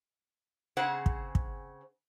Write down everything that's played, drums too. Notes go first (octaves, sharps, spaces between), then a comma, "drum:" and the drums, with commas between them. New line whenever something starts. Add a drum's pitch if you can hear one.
C#3 C4 G#4 C5 F#5
drum: kick
drum: kick